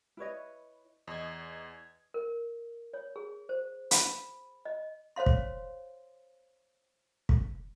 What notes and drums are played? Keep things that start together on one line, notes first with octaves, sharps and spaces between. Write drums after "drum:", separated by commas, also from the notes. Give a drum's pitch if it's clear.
E4 B4 C#5 D#5
E2 D#5 G#6
A#4
C#5
G#4
C5
B5, drum: hi-hat
D#5
C5 C#5 F5 C6
drum: kick
drum: kick